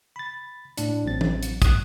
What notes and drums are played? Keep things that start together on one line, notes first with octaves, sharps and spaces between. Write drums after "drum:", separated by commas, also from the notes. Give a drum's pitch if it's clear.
B5 A6
A2 D4, drum: hi-hat
A1 F#3 C4 A6
drum: tom E3
drum: hi-hat
D#6 F#6, drum: kick, hi-hat